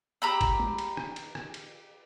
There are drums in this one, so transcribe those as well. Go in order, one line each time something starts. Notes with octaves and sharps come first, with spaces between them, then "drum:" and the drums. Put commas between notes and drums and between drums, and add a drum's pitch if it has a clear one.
G4 A#5 B5 E6
drum: kick G1, cymbal
drum: tom
drum: cymbal
drum: rim click
drum: cymbal
drum: rim click
drum: cymbal